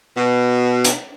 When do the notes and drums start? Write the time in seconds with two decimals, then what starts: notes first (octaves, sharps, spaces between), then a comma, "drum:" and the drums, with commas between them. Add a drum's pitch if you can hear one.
0.16 B2
0.84 drum: hi-hat